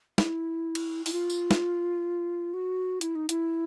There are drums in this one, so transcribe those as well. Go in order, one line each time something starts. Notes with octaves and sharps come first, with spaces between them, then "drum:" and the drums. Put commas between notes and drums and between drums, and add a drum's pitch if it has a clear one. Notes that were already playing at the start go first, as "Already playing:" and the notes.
E4, drum: snare
drum: cymbal
E4, drum: open hi-hat
F4
drum: tambourine
drum: snare
F#4
E4, drum: hi-hat
D#4
E4, drum: hi-hat